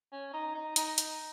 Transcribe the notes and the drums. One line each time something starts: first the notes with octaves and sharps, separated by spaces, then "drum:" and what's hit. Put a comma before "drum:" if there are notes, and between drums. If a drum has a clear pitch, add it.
C#4
D#4
D#4
D#4, drum: hi-hat
drum: hi-hat